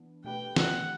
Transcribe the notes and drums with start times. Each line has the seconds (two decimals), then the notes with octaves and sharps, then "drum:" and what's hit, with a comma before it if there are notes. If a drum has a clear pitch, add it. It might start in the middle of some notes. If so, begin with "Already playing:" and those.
Already playing: E3 B3 D4
0.24 B2 A3 D4 G4 B4 G5
0.56 F#5, drum: snare